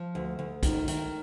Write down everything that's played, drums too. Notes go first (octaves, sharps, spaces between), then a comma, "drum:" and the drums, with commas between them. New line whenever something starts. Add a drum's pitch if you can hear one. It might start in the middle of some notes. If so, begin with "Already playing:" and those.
Already playing: F3
D2
D2
D#3, drum: kick A#1, hi-hat
D#3, drum: hi-hat